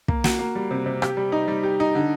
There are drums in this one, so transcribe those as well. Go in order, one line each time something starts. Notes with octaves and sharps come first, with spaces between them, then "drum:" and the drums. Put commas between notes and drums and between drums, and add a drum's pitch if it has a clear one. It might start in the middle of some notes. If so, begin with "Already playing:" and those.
A#3, drum: kick
F#4, drum: snare
A#3
G3
C3
C3
G4, drum: rim click
G3
D#4
G3
G4
D#4
D3